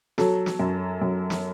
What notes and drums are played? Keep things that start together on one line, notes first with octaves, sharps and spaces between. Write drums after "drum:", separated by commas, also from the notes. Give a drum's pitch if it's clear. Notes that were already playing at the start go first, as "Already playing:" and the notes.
F#3 A4, drum: snare
drum: snare
F#2
F#2
drum: snare